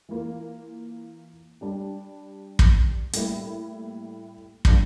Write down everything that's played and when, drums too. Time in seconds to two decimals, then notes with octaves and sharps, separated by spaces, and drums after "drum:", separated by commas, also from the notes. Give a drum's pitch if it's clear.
0.09 E3 A#3 F4
1.61 G3 D4 G4
2.59 drum: kick
3.13 A2 G3 A#3 E4, drum: hi-hat
4.65 G3 D4 F4, drum: kick